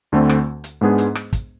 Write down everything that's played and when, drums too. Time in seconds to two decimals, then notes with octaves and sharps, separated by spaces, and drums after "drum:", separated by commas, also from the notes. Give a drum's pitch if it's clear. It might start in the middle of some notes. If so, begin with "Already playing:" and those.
0.12 D2 D3 A3 C4
0.29 drum: rim click
0.64 drum: hi-hat
0.81 G#2 G#3 B3 D4 G#4
0.98 drum: hi-hat
1.15 drum: rim click
1.33 drum: kick, hi-hat